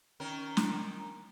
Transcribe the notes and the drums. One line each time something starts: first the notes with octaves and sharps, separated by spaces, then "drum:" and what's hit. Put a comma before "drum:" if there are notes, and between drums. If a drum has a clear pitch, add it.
D#3 C#4 A#4
drum: snare